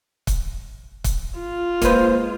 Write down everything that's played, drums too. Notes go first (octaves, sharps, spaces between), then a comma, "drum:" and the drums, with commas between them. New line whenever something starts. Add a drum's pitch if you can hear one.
drum: kick, hi-hat
drum: kick, hi-hat
F4
G#3 A#3 B4 C5, drum: kick, hi-hat